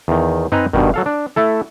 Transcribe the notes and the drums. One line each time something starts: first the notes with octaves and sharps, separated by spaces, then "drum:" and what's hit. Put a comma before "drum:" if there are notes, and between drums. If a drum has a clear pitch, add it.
E2 D#3
C4 D#4 B4 D#5 G#5 A#5, drum: tom F#2
G2 B2 D#3, drum: kick F#1
F#3 A4 F5
D4
A3 E4 A4